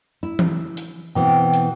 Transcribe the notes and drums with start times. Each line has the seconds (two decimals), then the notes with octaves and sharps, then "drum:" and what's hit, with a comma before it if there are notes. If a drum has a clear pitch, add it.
0.23 E4
0.39 drum: tom E3
0.77 drum: hi-hat
1.15 B2 E3 C4 G5
1.54 drum: hi-hat